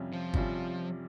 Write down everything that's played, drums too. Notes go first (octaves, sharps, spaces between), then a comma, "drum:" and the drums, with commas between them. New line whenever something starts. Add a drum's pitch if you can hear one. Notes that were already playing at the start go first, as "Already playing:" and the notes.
Already playing: F2 C3 G3 C#4 F4
F3
F2 C3 G3 C#4 F4, drum: kick G1